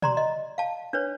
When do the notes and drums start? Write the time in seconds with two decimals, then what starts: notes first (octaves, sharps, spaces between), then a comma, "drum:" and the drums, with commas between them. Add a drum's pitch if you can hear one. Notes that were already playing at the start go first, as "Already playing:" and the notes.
0.02 D5 A#5 C6, drum: tom B2
0.17 D#5
0.58 F5 A5
0.93 D4 B4 C#5